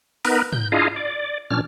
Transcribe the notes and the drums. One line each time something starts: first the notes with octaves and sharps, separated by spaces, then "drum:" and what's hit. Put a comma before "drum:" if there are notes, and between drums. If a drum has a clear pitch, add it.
B3 D#4 A#4 B4, drum: open hi-hat
G6, drum: tom G#2
D4 E4 F4 G#4 D#5 F5
D5
A#2 C#4 D4 F6, drum: tom